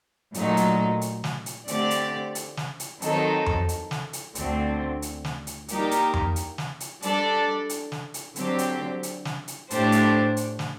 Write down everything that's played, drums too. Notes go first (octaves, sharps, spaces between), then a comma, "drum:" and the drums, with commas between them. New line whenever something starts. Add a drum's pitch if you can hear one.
A#2 F#3 A3 D#4, drum: hi-hat
drum: hi-hat
drum: hi-hat
drum: snare
drum: hi-hat
D3 A3 C4 G4 D5, drum: hi-hat
drum: hi-hat
drum: hi-hat
drum: snare
drum: hi-hat
D#3 F#3 C4 D#4 A4, drum: hi-hat
drum: tom F2
drum: hi-hat
drum: snare
drum: hi-hat
D2 D3 A3 C4, drum: hi-hat
drum: hi-hat
drum: snare
drum: hi-hat
G3 A#3 D#4 G4 A#4, drum: hi-hat
drum: hi-hat
drum: tom F2
drum: hi-hat
drum: snare
drum: hi-hat
G3 D4 A4 D5, drum: hi-hat
drum: hi-hat
drum: snare
drum: hi-hat
D3 F#3 C4 G4 C5, drum: hi-hat
drum: hi-hat
drum: hi-hat
drum: snare
drum: hi-hat
A2 A3 D4 G4 C5, drum: hi-hat
drum: hi-hat
drum: hi-hat
drum: snare